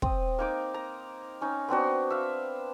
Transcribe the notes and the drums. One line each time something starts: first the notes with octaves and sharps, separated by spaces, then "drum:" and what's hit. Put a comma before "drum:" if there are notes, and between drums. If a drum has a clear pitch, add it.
C4 D#6, drum: kick
A#3 D#4 D6
A#5
C#4 D#4
B3 C4 D4 F#4
E5 F5